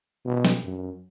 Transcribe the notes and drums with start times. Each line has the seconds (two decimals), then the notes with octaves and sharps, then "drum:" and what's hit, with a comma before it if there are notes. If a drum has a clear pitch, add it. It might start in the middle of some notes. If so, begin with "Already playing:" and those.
0.26 B2
0.45 drum: snare
0.64 F#2